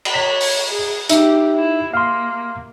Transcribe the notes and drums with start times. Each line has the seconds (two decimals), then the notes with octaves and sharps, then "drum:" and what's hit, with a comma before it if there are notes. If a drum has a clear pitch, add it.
0.05 drum: cymbal
0.14 C#5 B6
0.41 drum: open hi-hat
0.70 G#4
1.09 D#4 G4 E5, drum: hi-hat
1.56 E4
1.94 A#3 F5 C6